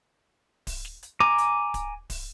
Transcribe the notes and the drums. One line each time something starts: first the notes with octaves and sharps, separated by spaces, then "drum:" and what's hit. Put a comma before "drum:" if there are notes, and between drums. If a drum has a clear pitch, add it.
drum: kick D1, open hi-hat
drum: snare
drum: hi-hat
G#5 A#5 D6
drum: hi-hat
drum: kick D1, hi-hat
drum: kick D1, open hi-hat